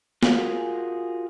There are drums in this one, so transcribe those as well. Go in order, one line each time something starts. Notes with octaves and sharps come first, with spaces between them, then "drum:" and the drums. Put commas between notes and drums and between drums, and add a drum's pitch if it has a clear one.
F4 F#4 G#4 A#4 F5, drum: snare